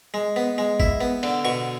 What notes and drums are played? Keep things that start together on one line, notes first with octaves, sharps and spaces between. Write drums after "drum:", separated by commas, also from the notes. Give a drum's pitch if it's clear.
G#3
B3
G#3
E4, drum: kick
B3
D3, drum: cymbal
B2 C#6